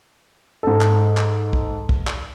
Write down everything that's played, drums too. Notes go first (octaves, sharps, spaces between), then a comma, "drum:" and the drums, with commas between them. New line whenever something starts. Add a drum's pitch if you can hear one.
G#2 A4
drum: clap
drum: clap
drum: kick
drum: kick
drum: clap